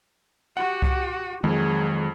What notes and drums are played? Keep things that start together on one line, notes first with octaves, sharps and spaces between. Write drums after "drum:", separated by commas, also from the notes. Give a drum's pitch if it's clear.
F#4 G4 F#5
drum: kick C2
F2 D#3 F#3 G#3 G#4